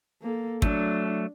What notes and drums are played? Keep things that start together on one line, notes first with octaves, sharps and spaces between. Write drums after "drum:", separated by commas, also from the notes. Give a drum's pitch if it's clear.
A#3 A4
F#3 A3 D4, drum: kick